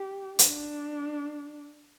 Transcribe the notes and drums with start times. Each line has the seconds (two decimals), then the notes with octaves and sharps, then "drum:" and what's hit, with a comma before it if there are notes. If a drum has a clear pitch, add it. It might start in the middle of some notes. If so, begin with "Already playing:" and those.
Already playing: G4
0.39 D4, drum: hi-hat